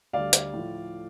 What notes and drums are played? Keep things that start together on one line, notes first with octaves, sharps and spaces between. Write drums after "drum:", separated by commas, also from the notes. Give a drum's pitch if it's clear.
D2 D3 G3 D5 F5
drum: hi-hat
A2 F3